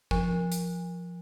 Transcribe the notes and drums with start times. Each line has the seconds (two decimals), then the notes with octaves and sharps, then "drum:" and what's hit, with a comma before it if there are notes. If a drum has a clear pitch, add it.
0.11 F3, drum: kick
0.52 drum: hi-hat